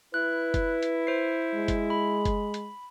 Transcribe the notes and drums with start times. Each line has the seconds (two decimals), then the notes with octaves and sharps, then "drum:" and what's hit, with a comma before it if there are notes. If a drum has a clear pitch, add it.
0.14 E4 B4 F#6
0.54 drum: kick F#1, hi-hat
0.83 drum: hi-hat
1.07 C5 C7
1.54 G#3
1.68 drum: kick F#1, hi-hat
1.90 B5
2.25 drum: kick F#1, hi-hat
2.54 drum: hi-hat